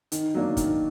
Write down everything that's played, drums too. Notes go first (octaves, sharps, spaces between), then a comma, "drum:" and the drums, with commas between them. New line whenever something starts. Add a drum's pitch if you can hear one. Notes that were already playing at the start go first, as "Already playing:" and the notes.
D#3, drum: hi-hat
F#3 A#3 D4
D#3, drum: kick, hi-hat